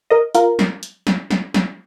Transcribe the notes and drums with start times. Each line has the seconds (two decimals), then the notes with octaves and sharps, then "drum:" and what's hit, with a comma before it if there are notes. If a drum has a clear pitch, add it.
0.10 A#4 D#5
0.35 F4 A#4, drum: hi-hat
0.59 drum: snare
0.83 drum: hi-hat
1.07 drum: snare
1.31 drum: snare
1.54 drum: snare